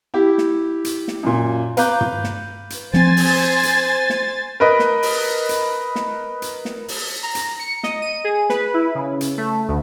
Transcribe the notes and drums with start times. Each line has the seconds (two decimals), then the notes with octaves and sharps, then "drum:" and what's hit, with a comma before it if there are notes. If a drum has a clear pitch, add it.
0.14 E4 G4
0.38 drum: snare
0.85 drum: hi-hat
1.08 drum: snare
1.23 F#2 A#2
1.77 B4 F5 A#5 D6 F#6 G6, drum: hi-hat
2.01 drum: tom
2.24 drum: snare
2.70 drum: hi-hat
2.94 F3 C4 C5 G#5 A6, drum: snare
3.17 drum: open hi-hat
3.63 drum: hi-hat
4.10 drum: snare
4.60 A#4 B4 D#5
4.79 drum: snare
5.03 drum: open hi-hat
5.49 drum: hi-hat
5.95 drum: snare
6.42 drum: hi-hat
6.65 drum: snare
6.88 drum: open hi-hat
7.23 A#5
7.35 drum: hi-hat
7.60 C#7
7.83 D#5, drum: snare
8.02 D#7
8.24 G#4
8.50 B4, drum: snare
8.74 E4
8.95 C#3
9.21 drum: hi-hat
9.38 A3
9.68 D2